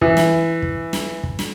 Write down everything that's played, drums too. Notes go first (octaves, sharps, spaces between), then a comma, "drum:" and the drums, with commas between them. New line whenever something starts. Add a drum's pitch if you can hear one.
E3, drum: kick
drum: snare
drum: kick
drum: snare
drum: kick
drum: snare